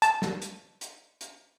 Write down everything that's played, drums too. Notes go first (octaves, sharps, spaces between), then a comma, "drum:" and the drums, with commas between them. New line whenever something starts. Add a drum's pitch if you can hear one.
A5, drum: hi-hat
drum: snare
drum: hi-hat
drum: hi-hat
drum: hi-hat